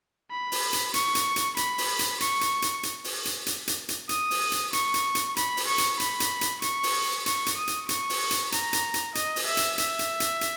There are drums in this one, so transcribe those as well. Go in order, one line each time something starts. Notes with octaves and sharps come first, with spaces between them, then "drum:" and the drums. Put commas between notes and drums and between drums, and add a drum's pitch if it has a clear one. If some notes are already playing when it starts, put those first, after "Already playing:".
B5
drum: open hi-hat
drum: hi-hat
C#6, drum: hi-hat
drum: hi-hat
drum: hi-hat
B5, drum: hi-hat
drum: open hi-hat
drum: hi-hat
C#6, drum: hi-hat
drum: hi-hat
drum: hi-hat
drum: hi-hat
drum: open hi-hat
drum: hi-hat
drum: hi-hat
drum: hi-hat
drum: hi-hat
D#6, drum: hi-hat
drum: open hi-hat
drum: hi-hat
C#6, drum: hi-hat
drum: hi-hat
drum: hi-hat
B5, drum: hi-hat
drum: open hi-hat
C#6
drum: hi-hat
B5, drum: hi-hat
drum: hi-hat
drum: hi-hat
C#6, drum: hi-hat
drum: open hi-hat
C#6, drum: hi-hat
drum: hi-hat
D#6
drum: hi-hat
C#6, drum: hi-hat
drum: open hi-hat
drum: hi-hat
A#5, drum: hi-hat
drum: hi-hat
drum: hi-hat
D#5, drum: hi-hat
drum: open hi-hat
E5
drum: hi-hat
E5, drum: hi-hat
drum: hi-hat
drum: hi-hat
drum: hi-hat